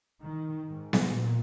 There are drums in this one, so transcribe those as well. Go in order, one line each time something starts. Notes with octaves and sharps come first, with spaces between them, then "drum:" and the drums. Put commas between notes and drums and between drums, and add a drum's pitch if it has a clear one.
D#3
G#2
drum: snare B3
A#2